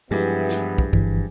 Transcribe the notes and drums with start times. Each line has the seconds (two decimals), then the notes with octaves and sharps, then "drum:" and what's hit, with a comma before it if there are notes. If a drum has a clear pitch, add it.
0.11 G2 E3 F3 G#3 B3 E4 G4
0.49 drum: snare
0.78 drum: kick
0.93 G1 E3, drum: kick